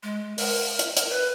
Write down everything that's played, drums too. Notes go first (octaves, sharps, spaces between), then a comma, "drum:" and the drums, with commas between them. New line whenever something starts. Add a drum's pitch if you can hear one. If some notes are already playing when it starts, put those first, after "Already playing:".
G#3
A#4, drum: open hi-hat
drum: hi-hat
drum: hi-hat
B4